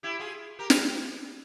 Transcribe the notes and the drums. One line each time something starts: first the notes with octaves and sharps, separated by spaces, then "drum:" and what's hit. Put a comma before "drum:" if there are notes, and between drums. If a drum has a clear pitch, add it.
E4 G4
F4 G#4
G4 A#4
drum: snare